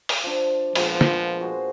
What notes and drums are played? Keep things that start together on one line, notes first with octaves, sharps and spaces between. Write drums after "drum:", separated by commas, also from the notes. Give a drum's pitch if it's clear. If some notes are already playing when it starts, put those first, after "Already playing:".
drum: open hi-hat
F3 D4
A#2 F3 G#3 B3, drum: open hi-hat
drum: snare
F#4 G#4 C5